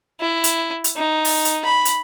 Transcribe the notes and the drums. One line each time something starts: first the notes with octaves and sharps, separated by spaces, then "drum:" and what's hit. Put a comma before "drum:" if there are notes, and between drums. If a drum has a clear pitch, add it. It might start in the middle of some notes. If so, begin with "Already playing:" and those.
E4
drum: hi-hat
drum: hi-hat
D#4
drum: open hi-hat
drum: hi-hat
B5
drum: hi-hat